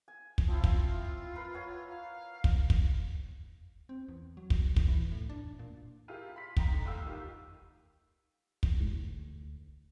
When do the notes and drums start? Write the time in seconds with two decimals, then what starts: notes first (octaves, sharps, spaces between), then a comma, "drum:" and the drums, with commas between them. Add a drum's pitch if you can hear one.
0.08 G#5
0.38 drum: kick
0.48 F3 C4 E4 F4
0.64 drum: kick
1.35 A#4 B4 B5
1.54 C#5 F#5 G#5
1.89 F5
2.44 drum: kick
2.70 drum: kick
3.89 C4
4.08 E2
4.37 F#3
4.50 drum: kick
4.76 D#2, drum: kick
4.88 E3
5.12 A2
5.29 D4
5.59 A#2
6.08 E4 F4 G4 G#4 A#4
6.35 F5 B5 C6 B6
6.57 D#5 G5 A#5 C6 B6, drum: kick
6.72 D3
6.86 C2 A3 F5 G5 B5 E6
7.05 A1 D#3 F4 G4
8.63 drum: kick
8.80 D2